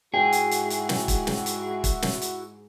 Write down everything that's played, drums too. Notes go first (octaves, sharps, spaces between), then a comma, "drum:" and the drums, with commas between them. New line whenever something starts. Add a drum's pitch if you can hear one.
G#2 E4 F#4 G#4 G5
drum: hi-hat
drum: hi-hat
drum: hi-hat
drum: snare
drum: kick, hi-hat
drum: snare
drum: hi-hat
drum: kick, hi-hat
drum: snare
drum: hi-hat